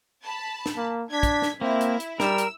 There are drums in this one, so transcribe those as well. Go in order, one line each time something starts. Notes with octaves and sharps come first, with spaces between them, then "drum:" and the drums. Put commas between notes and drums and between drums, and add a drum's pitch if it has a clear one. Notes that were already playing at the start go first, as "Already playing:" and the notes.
A5 B5
drum: snare
A#3
D4 G#6 B6
drum: kick, hi-hat
drum: snare
A#3 C4 E4
drum: hi-hat
drum: hi-hat
G3 A#4 E6, drum: snare
drum: hi-hat